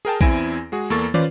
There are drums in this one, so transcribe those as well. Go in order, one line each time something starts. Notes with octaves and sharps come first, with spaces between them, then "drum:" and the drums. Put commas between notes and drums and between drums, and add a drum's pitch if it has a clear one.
G#4 A#4 G5 A5
E2 C4 E4 G#5 A#6 D7, drum: kick A#1
G#3 F#4 G#4
E2 A#3 A4 C#6 A6
C#4 F4 B4 C5 D5, drum: tom